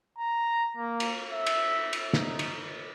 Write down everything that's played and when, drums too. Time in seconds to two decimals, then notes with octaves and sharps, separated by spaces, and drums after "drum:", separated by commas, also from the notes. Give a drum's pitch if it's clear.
0.18 A#5
0.77 A#3
1.00 drum: cymbal
1.33 E5
1.46 drum: cymbal
1.93 drum: cymbal
2.13 D#4, drum: snare
2.39 drum: cymbal